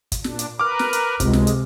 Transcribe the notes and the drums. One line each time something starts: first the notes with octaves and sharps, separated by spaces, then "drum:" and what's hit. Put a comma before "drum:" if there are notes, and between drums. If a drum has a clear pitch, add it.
drum: kick, hi-hat
A#2 D4, drum: snare
drum: hi-hat
A#4 B4 D6 F6
drum: snare
drum: hi-hat
C#2 C3 G#3, drum: kick, hi-hat
drum: snare
drum: hi-hat